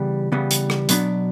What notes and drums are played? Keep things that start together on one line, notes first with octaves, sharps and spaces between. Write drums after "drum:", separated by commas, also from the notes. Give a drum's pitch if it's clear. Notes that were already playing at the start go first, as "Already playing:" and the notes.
Already playing: C#3 E3 G3 B3
C#3 E3 G3 B3
drum: hi-hat
drum: rim click
B2 F#3 B3 D4, drum: hi-hat